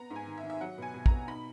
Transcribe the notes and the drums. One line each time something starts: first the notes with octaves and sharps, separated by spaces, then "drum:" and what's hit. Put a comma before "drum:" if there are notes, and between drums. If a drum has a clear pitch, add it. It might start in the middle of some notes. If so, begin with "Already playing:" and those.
Already playing: B3 A#5
G#2
G#5
D#3
E5
D#3
E5
F#3 F#5
B2 G#5
B2
B2 A#5, drum: kick
D#4 B5